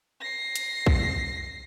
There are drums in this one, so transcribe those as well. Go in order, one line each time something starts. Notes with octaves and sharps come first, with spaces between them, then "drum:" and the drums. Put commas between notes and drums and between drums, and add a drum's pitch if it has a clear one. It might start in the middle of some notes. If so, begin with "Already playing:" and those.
A#6 C7
drum: hi-hat
drum: kick B1